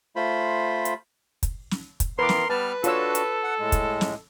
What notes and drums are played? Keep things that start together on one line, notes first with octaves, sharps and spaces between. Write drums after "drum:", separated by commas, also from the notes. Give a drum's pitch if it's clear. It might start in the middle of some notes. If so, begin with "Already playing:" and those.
A3 F4 C5 B5
drum: hi-hat
drum: kick, hi-hat
drum: snare
drum: kick, hi-hat
E3 B3 A#4 B4 C6 D6
drum: snare
G3 B3 B4 A5 F6
D4 F4 F#4 A4 C#5 E6, drum: hi-hat
drum: hi-hat
F#5
A2 G#3
drum: kick, hi-hat
drum: snare